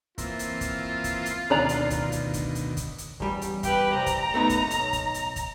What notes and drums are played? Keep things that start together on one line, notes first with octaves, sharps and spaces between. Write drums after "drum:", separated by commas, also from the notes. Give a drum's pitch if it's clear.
E3 A#3 C4 F4, drum: kick, hi-hat
drum: hi-hat
drum: kick, hi-hat
drum: kick, hi-hat
drum: hi-hat
D2 B2 D#3 D4 D5 A#5
drum: hi-hat
drum: kick, hi-hat
drum: hi-hat
drum: kick, hi-hat
drum: hi-hat
drum: kick, hi-hat
drum: hi-hat
E2 G3, drum: kick
drum: hi-hat
G4 B4, drum: kick, hi-hat
C2 A#5
drum: kick, hi-hat
A3 B3 D#4
drum: kick, hi-hat
B1, drum: hi-hat
drum: kick, hi-hat
drum: hi-hat
drum: kick, hi-hat